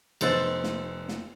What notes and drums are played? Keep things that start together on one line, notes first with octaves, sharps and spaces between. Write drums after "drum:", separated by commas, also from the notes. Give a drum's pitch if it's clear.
F1 B3 C5 E6 A6, drum: cymbal
drum: snare
drum: snare